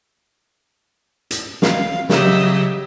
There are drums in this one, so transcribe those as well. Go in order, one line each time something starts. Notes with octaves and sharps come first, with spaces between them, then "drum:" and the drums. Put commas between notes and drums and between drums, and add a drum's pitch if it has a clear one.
drum: hi-hat
F5, drum: snare
C#3 F#3 G4 D#5 E5, drum: snare